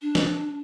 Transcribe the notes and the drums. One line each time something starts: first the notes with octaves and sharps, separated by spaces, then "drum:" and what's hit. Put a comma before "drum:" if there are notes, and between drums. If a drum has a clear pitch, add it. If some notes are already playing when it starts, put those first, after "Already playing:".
D4
drum: snare